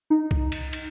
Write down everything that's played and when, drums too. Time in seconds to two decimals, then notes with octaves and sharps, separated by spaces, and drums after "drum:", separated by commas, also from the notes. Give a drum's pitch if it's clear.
0.10 D#4
0.31 drum: kick C2
0.52 drum: cymbal
0.73 drum: cymbal